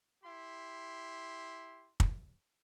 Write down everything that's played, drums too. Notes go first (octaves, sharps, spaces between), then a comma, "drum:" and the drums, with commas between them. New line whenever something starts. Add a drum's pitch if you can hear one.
E4 G4 C6
drum: kick